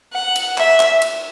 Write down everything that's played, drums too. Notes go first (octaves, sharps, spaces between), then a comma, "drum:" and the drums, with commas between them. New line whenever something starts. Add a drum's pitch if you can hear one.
F#5
drum: cymbal
E5, drum: clap
drum: clap
drum: cymbal